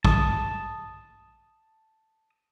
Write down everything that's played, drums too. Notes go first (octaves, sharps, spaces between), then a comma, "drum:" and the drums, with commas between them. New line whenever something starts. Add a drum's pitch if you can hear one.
A5 D#6, drum: kick